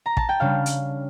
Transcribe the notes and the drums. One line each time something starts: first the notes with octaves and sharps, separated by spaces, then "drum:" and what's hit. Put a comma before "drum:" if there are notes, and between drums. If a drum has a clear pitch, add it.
A#5
A5, drum: kick
G5
C#3 G3 D4 F5
drum: hi-hat